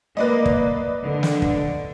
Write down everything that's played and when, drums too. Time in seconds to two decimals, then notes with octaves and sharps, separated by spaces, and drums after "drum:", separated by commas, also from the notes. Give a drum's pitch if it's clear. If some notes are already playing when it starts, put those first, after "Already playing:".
0.17 A#3 B4 D5 D#5
0.46 drum: kick
1.03 D3
1.23 drum: snare
1.42 drum: kick